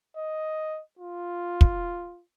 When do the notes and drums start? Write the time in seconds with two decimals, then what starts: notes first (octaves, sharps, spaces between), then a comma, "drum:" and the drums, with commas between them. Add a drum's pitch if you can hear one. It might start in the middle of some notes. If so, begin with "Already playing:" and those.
0.17 D#5
0.99 F4
1.61 drum: kick